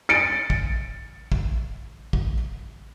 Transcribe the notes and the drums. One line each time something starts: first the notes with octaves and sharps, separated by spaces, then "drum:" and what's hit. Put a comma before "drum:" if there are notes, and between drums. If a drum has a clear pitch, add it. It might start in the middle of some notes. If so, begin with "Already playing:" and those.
A6 C#7 D7
drum: kick
drum: kick
drum: kick